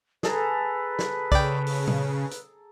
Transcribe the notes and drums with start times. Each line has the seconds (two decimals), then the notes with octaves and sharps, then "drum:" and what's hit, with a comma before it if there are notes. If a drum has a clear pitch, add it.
0.23 G#4 A4 B4 A#5, drum: snare
0.99 drum: snare
1.32 C#3 D5 G5, drum: kick
1.66 drum: open hi-hat
1.87 drum: tom A#2
2.31 drum: hi-hat